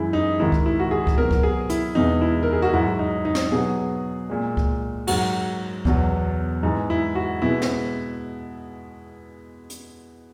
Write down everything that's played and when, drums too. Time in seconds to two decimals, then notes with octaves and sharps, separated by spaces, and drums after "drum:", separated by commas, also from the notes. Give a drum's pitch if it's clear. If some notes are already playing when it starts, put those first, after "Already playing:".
Already playing: F#2 E3 G#3 E4
0.13 D#4
0.40 G#2 D#3 G#3 E4
0.52 drum: kick C#2
0.66 E4
0.80 F#4
0.91 G#4
1.07 drum: kick C#2
1.18 B2 F#3 A#4
1.31 drum: kick C#2
1.43 G#4
1.70 E4, drum: hi-hat
1.95 E2 B2 G#3 D#4
2.21 E4
2.43 A#4
2.53 G#4
2.62 F#4
2.73 G#2 F#3 E4
2.99 D#4
3.25 D#4
3.35 drum: snare
3.52 B2 F#3 G#4
4.30 A#2 G#3
4.57 drum: kick C#2
5.07 G#2 F#3 F#4, drum: cymbal
5.85 E2 B2 F#3, drum: kick C#2
6.63 G#2 E3 G#3 D#4
6.90 E4
7.15 F#4
7.42 B2 G#3 E4
7.62 drum: snare
9.70 drum: hi-hat